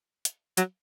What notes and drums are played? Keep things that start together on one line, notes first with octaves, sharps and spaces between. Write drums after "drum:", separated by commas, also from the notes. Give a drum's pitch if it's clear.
drum: hi-hat
F#3, drum: hi-hat